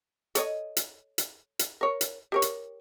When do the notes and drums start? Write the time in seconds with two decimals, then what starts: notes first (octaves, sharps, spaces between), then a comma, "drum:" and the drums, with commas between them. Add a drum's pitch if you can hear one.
0.35 A4 C#5 D#5, drum: hi-hat
0.77 drum: hi-hat
1.18 drum: hi-hat
1.59 drum: hi-hat
1.81 A#4 C#5
2.01 drum: hi-hat
2.32 G4 A#4 C#5
2.42 drum: hi-hat